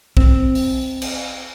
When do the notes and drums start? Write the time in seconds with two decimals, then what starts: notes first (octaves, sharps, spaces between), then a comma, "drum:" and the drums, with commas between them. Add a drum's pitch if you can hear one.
0.17 C4, drum: kick
0.55 drum: open hi-hat
1.02 drum: cymbal